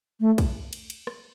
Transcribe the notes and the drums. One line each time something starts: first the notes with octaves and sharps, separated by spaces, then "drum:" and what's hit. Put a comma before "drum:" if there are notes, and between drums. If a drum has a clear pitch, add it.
A3
drum: kick, cymbal
drum: cymbal
drum: cymbal
drum: rim click